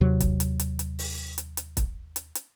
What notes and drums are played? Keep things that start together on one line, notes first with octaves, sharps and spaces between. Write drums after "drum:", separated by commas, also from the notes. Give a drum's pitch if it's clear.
D#2 C3 F#3
drum: kick, hi-hat
drum: hi-hat
drum: hi-hat
drum: hi-hat
drum: open hi-hat
drum: hi-hat
drum: hi-hat
drum: kick, hi-hat
drum: hi-hat
drum: hi-hat